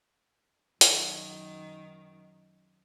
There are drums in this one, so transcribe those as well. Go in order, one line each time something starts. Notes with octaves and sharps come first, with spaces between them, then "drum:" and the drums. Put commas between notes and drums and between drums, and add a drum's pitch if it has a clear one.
F#2 D#3, drum: hi-hat